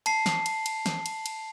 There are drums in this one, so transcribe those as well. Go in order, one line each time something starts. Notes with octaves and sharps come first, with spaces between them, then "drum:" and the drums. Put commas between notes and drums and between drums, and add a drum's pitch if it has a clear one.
A5 C7, drum: cymbal
drum: snare
drum: cymbal
drum: cymbal
drum: snare
drum: cymbal
drum: cymbal